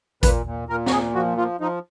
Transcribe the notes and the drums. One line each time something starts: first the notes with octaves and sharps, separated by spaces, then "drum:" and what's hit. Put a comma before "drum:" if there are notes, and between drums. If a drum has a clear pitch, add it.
A#2 B4, drum: kick A1, hi-hat
A#2
A#2 A#4
F#4, drum: snare
A#2 G#4
F3 F#4
F3 F4
F3 D#4